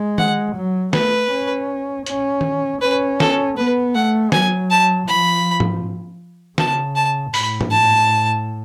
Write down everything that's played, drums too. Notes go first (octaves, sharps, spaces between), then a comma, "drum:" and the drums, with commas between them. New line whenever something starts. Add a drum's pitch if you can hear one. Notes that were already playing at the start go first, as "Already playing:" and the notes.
Already playing: G#3
F#5, drum: tom
F#3
A3 B4, drum: snare
C#4
C#4, drum: hi-hat
drum: tom
C#4 B4
A4, drum: snare
B3 B4
A3 F#5
F#3 G#5, drum: snare
A5
F3 B5
drum: tom
C#3 A5, drum: snare
A5
A2 B5, drum: open hi-hat
drum: tom
A5